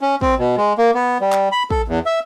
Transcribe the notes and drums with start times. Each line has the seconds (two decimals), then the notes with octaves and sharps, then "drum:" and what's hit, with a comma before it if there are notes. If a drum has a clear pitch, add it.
0.01 C#4
0.21 C4, drum: kick
0.39 B2
0.58 G#3
0.78 A#3
0.95 B3
1.21 G3
1.32 drum: clap
1.52 B5
1.70 A4, drum: kick
1.88 E2
2.06 E5